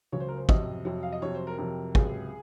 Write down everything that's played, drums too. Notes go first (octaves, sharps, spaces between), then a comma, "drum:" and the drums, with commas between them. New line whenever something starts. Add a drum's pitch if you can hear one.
C#2 C#3 F#3 C#5
C5
A#4
C5
F2 C3 F#3 D#5, drum: kick
F2 C3 F#3
F5
D#5
F2 C3 F#3 C#5
C5
A#4
F2 C3 F#3 A#4
C#2 C3 F#3 G#4, drum: kick